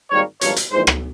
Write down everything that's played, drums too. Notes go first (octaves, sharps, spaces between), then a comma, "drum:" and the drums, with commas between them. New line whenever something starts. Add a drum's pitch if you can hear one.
G#1 G#2 G3 A#3 C#5
G#1 G2 F3 A#3 C#5, drum: hi-hat
drum: hi-hat
A#1 G#2 E3 C5
drum: rim click